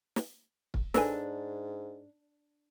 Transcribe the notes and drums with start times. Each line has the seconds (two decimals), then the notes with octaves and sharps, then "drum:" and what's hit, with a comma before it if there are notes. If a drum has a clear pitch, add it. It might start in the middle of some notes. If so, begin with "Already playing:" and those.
0.16 drum: snare
0.74 drum: kick
0.94 G#2 D4 A4 B4 G#5, drum: snare